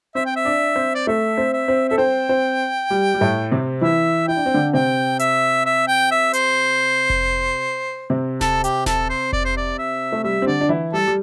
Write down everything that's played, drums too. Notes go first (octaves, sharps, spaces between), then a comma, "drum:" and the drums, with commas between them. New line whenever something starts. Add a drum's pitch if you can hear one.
C4 C5 E5
G5
E5
D4 D5
C4 C5
D5
A3 A4 E5
C4 C5
E5
C4 C5
A4 E5
C4 C5 G5
C4 C5
G3
G3
A2 A3
C3 C4
E3 E4 E5
E4 G5
D4
C4
D3 D4
C3 C4 G5
E5, drum: hi-hat
E5
G5
E5
C5, drum: hi-hat
drum: kick F1
C3 C4
A4, drum: snare D#1
G4, drum: hi-hat
A4, drum: snare D#1
C5
D5, drum: kick F1
C5
D5
E5
A3
G3 E5
C4
D3 D4 D5
D4
E3 E4
G3 A4
G3